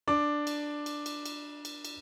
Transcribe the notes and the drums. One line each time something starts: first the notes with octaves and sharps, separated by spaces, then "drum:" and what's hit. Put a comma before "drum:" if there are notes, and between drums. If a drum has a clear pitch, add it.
D4 D6
drum: cymbal
drum: cymbal
drum: cymbal
drum: cymbal
drum: cymbal
drum: cymbal